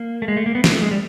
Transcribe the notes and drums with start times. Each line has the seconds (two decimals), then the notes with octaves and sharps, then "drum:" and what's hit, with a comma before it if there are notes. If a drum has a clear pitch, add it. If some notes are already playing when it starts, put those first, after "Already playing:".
Already playing: A#3
0.22 A3
0.28 G#3
0.37 A3
0.46 A#3
0.55 B3
0.64 A#3, drum: snare
0.72 A3
0.82 G#3
0.91 G3